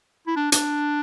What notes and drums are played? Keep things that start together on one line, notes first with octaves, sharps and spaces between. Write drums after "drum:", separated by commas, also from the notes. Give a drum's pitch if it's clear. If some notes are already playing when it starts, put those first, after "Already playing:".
E4
D4
D4, drum: hi-hat